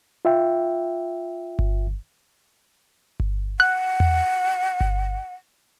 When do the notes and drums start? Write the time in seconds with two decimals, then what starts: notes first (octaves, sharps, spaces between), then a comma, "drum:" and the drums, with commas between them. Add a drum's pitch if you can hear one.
0.25 F4 E5 G5
1.59 drum: kick G1
3.20 drum: kick G1
3.60 F#5 F#6
4.00 drum: tom E2
4.81 drum: kick G1